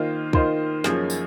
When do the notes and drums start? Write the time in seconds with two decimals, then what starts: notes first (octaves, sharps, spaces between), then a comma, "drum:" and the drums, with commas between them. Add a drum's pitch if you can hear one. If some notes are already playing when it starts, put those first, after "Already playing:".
Already playing: D#3 A#3 F4 C5 D#5
0.33 D#3 A#3 F4 C5 D#5, drum: kick
0.84 F#2 F3 A#3 C#4 G#4, drum: snare
1.10 drum: tambourine